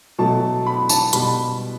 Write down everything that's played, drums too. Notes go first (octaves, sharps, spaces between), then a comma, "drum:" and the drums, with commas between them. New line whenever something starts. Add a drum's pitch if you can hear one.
B2 F#3 A3 A5
B5
A5, drum: tambourine
B2 G3 B5, drum: hi-hat